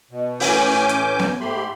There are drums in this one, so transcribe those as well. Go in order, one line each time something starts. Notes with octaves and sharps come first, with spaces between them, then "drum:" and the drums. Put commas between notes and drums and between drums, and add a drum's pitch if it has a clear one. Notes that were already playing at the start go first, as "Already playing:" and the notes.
B2
A2 E3 C#4 G#5 D6 G6, drum: open hi-hat
drum: hi-hat
drum: snare B3
G#2 A3 G4 B5 C6